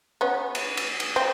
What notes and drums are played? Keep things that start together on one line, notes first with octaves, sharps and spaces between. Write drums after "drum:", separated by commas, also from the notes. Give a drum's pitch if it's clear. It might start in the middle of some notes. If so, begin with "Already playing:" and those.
B3 C#4
drum: cymbal
drum: cymbal
drum: cymbal
C4